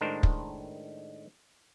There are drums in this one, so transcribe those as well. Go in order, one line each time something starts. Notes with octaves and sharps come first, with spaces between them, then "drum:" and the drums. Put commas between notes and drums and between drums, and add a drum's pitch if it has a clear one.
A2 D#3 G#3 D4 A#4 C5
drum: kick